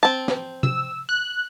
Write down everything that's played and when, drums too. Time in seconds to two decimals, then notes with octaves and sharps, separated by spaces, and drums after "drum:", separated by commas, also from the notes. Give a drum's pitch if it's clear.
0.03 C4 A5
0.28 drum: snare
0.63 E6, drum: tom
1.09 F#6